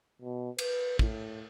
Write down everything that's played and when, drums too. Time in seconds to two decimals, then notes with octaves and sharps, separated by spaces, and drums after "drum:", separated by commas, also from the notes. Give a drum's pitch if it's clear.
0.22 B2
0.59 B4, drum: cymbal
0.99 A2, drum: kick